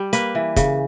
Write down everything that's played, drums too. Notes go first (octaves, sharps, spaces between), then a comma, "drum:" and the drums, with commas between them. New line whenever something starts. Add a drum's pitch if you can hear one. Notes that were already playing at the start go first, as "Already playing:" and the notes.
Already playing: G3
A#3 B4, drum: hi-hat
E3
C#3, drum: kick, hi-hat